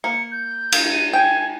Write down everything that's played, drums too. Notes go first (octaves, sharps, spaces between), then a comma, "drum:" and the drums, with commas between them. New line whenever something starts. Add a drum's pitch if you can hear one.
A#3 C#7
G6
drum: cymbal
D#7
G5 G#5